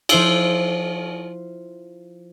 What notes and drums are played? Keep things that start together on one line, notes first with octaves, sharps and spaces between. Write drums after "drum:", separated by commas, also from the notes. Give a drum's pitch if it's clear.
F3 E4 C5 F5 E6, drum: cymbal